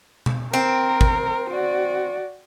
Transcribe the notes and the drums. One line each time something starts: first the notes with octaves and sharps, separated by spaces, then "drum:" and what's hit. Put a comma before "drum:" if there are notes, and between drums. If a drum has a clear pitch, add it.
drum: tom B2
C4 A#4
drum: kick
F#4 D5